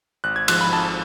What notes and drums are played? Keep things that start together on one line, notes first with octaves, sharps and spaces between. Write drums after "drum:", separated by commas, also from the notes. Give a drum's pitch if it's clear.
G#1 F#6
G#6
G#2 F3 F#6, drum: cymbal
B5
G#1 A5